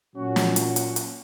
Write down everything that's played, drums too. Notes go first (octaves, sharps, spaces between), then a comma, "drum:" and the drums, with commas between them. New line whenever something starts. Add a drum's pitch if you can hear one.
A#2 F#3 C#4 F#4
drum: snare
drum: hi-hat
drum: hi-hat
drum: hi-hat